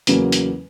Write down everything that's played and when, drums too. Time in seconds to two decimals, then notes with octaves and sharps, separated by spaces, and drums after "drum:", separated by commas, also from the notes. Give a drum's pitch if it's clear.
0.07 E2 C#3 F#3 A#3, drum: hi-hat
0.32 drum: hi-hat